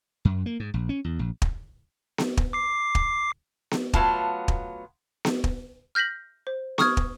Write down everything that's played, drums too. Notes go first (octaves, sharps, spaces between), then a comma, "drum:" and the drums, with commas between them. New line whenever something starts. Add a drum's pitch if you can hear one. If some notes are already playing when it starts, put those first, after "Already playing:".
F#2
A#3
G#2
A#1
C#4
E2
A#1
drum: kick
drum: snare B3
drum: kick
D6 C7
drum: kick
drum: snare B3
F#3 A3 B3 F4 F5 A5, drum: kick
drum: kick
drum: snare B3
drum: kick
F6 G6 A#6 B6 F#7
C5
C#6 D#6 F6 G#6, drum: snare B3
drum: kick